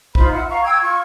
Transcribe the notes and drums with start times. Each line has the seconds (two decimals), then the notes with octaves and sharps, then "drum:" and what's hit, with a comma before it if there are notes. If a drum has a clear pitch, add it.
0.15 D#4 F4 C5 B5, drum: kick B1
0.32 E5 F#5
0.49 F5 A#5 C#6
0.63 G5 E6 G#6
0.82 F4 C#6